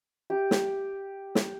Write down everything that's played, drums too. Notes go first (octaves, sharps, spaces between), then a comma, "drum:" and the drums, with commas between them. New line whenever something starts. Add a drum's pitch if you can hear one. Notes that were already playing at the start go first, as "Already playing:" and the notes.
G4
drum: snare
drum: snare